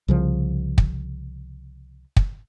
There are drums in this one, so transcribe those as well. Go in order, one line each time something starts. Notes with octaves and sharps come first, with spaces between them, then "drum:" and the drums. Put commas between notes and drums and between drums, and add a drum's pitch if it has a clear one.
C2 C#3 F3
drum: kick
drum: kick